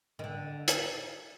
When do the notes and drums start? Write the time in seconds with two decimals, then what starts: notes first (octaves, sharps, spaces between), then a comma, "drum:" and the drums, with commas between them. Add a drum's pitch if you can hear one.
0.19 D#3
0.24 D3
0.68 drum: hi-hat